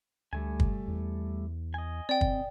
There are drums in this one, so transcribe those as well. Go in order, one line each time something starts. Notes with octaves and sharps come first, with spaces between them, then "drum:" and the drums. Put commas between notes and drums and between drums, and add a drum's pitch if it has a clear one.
D2 G3 A3 G#5
drum: kick
E2
D#5 G#5
C4 D5 G5
drum: kick